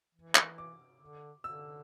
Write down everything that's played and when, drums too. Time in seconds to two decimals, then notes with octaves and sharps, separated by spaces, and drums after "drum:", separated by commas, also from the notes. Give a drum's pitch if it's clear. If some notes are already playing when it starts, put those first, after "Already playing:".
0.15 E3
0.35 drum: clap
0.58 D6
1.01 D3
1.44 D3 E6